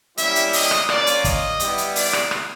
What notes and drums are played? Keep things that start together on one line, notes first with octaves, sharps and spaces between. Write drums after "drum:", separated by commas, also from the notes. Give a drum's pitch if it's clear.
G3 A#3 C#4 E4 G4 E5, drum: hi-hat
drum: hi-hat
D#5, drum: open hi-hat
drum: rim click
A#3 C#4 F4 D5, drum: rim click
drum: hi-hat
D#5, drum: kick, hi-hat
G3 B3 E4 G4, drum: hi-hat
drum: hi-hat
D5, drum: open hi-hat
drum: rim click
drum: rim click